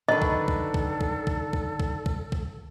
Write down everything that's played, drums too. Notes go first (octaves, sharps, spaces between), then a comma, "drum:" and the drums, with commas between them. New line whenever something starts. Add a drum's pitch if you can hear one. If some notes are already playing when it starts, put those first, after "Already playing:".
D3 D#3 F#3 A4 B4 D#5
drum: kick
drum: kick
drum: kick
drum: kick
drum: kick
drum: kick
drum: kick
drum: kick
drum: kick